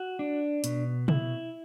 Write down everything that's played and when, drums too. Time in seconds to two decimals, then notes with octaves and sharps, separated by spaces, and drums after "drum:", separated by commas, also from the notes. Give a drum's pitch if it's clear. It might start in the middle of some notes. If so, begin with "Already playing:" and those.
Already playing: F#4
0.19 D4
0.64 B2, drum: hi-hat
1.08 E4, drum: tom